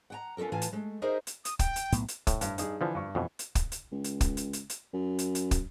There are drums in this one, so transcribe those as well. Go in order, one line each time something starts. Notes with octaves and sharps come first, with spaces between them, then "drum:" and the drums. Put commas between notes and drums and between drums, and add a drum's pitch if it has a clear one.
F#5 G5 A#5
C#4 F4 F#4 A4 A#4
A2 E3 F4 F5 G#5 A5
drum: hi-hat
G#3 A3
D#4 G#4 A#4 C5 D#5 E5
drum: hi-hat
D#6, drum: hi-hat
G5, drum: kick, hi-hat
drum: hi-hat
B1 A2 B3, drum: hi-hat
drum: hi-hat
A2, drum: kick, hi-hat
G2, drum: hi-hat
G2 D#4 G#4, drum: hi-hat
D3 E3 F3
G2 C#6
F2 B2 E3
drum: hi-hat
drum: kick, hi-hat
drum: hi-hat
C#2
drum: hi-hat
drum: kick, hi-hat
drum: hi-hat
drum: hi-hat
drum: hi-hat
F#2
drum: hi-hat
drum: hi-hat
drum: kick, hi-hat